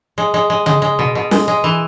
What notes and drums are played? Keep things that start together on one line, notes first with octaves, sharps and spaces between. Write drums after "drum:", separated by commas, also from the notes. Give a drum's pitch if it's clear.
G#3
G#3
G#3
G#3, drum: tom C#3
G#3
B2
B2
G#3, drum: snare
G#3
E3